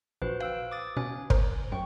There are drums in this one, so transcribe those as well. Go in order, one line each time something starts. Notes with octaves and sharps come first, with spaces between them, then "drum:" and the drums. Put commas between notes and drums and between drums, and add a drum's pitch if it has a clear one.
A#1 F#4 B4 C5
F5 G5 E6 D7
D6 D#6 A6
B2 C#4 G#5
A#4 C5, drum: kick
F#2 G5 C#6